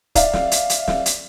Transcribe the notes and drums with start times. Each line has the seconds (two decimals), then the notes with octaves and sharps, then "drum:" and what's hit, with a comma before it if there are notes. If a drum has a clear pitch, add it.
0.15 D5 E5 F5, drum: kick, hi-hat
0.33 drum: snare
0.51 drum: hi-hat
0.70 drum: hi-hat
0.88 drum: snare
1.06 drum: hi-hat